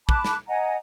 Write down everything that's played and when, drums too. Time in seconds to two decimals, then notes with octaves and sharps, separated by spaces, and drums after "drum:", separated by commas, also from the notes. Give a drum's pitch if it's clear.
0.09 A5 B5 D6 F#6, drum: kick
0.25 drum: snare
0.48 D#5 F#5 G#5 A#5